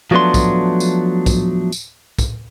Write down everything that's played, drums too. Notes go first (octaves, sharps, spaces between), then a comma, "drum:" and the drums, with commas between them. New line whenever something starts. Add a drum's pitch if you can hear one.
F3 F#3 A3 B3 D4 C6
drum: kick, tambourine
drum: tambourine
drum: kick, tambourine
drum: tambourine
drum: kick, tambourine